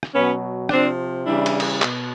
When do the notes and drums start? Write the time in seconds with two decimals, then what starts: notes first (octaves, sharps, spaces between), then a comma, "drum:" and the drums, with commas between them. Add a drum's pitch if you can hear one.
0.03 drum: rim click
0.14 B2 F#3 B3 C#4
0.69 C3 F3 C4 D4, drum: rim click
1.26 C#3 E3 G3 D4 E4
1.46 drum: cymbal
1.60 drum: cymbal
1.82 B2, drum: clap